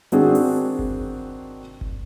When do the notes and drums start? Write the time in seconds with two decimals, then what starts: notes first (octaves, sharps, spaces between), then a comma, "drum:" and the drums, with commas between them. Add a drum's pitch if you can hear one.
0.12 D#3 C4 D4 F#4 G#4, drum: hi-hat
0.35 drum: open hi-hat
0.79 drum: kick G1
1.81 drum: kick G1